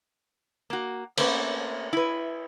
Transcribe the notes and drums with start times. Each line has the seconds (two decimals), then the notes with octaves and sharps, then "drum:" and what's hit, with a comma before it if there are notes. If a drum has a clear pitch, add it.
0.70 A#3 F#4
1.17 A3 A#3 C4 C#4 B4, drum: cymbal
1.93 E4 B4